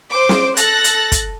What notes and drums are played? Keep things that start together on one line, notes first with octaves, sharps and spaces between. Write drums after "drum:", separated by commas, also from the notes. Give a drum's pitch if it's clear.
C5 D6
drum: snare
A4 F#6 A6 A#6, drum: hi-hat
drum: hi-hat
drum: kick, hi-hat